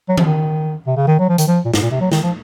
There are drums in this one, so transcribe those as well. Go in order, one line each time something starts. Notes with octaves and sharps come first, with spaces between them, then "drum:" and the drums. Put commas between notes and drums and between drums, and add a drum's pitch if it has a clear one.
F#3
F3, drum: tom D#3
D#3
C3
C#3
D#3
F#3
F3
D#3, drum: hi-hat
F3
A#2
G#2, drum: snare
A#2
C3
F#3
D#3, drum: snare
F3